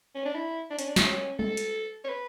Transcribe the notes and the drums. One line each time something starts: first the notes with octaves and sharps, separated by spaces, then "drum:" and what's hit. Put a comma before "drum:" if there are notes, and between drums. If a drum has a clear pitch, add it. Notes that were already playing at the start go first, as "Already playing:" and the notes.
C#4
D4
E4
D4
C#4, drum: hi-hat
D4
E4, drum: snare
C#4
A4, drum: tom
drum: hi-hat
C#5
B4